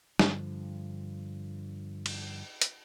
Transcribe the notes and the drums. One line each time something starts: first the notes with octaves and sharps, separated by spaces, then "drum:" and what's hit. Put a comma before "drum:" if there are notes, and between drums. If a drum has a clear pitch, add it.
G2 D3 F3, drum: snare
drum: cymbal
drum: hi-hat